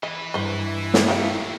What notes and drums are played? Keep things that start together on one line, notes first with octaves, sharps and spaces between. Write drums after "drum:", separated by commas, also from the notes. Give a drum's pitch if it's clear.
E3 B4 D#5
G2 E4 C5 D#5
drum: snare
D#3 A3 D#4 G4 F5